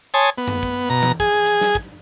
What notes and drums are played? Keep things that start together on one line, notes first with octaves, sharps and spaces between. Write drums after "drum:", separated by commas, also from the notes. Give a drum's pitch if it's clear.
C#5 G#5 A5 C6 D#6
B3
drum: tom F#2
drum: kick
B2 A#5
drum: tom E3
G#4, drum: kick
drum: hi-hat
drum: snare
drum: kick